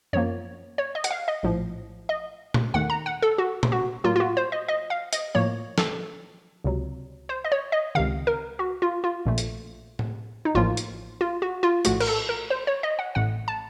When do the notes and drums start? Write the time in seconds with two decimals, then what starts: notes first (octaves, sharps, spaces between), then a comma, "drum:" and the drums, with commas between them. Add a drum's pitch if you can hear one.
0.13 F#2 F3 A#3 C#5
0.78 C#5
0.95 D#5
1.04 F#5, drum: hi-hat
1.11 F5
1.28 D#5
1.43 A#1 A2 F3
2.09 D#5
2.54 drum: tom A#2
2.74 D#2 D#3 A3 F#5
2.90 A#5
3.06 F#5
3.22 A4
3.38 F#4
3.63 drum: tom A#2
3.72 F#4
4.04 A2 F#3 A#3 F4
4.16 F4
4.20 F#4
4.37 C5
4.52 D#5
4.68 D#5
4.90 F5
5.13 D#5, drum: hi-hat
5.35 A2 F3 A#3 C#5
5.78 A4, drum: snare
6.64 C#2 C3 F#3
7.29 C5
7.44 D#5
7.52 C#5
7.72 D#5
7.95 C#2 C3 D#3 F5
8.27 A#4
8.59 F#4
8.82 F4
9.04 F4
9.25 A#1 A#2 A3
9.38 drum: hi-hat
9.99 drum: tom
10.45 D#4
10.55 A1 A2 F3 A#3 F4
10.77 drum: hi-hat
11.21 F4
11.42 F#4
11.63 F4
11.85 A#1 A2 A3 F#4, drum: hi-hat
12.00 A#4, drum: cymbal
12.07 A4
12.29 A#4
12.50 C5
12.67 C#5
12.83 D#5
12.99 F#5
13.15 A1 A2 A3 F#5
13.48 A5